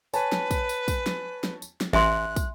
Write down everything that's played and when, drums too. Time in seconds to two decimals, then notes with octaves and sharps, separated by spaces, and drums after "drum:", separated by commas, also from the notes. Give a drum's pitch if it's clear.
0.14 B4 C#5 G#5 A5, drum: tambourine
0.32 drum: snare
0.51 drum: kick, tambourine
0.69 drum: tambourine
0.88 drum: kick, tambourine
1.06 drum: snare
1.44 drum: snare
1.62 drum: tambourine
1.81 drum: snare
1.93 A1 E5 G#5 C6 F#6
2.36 drum: kick, tambourine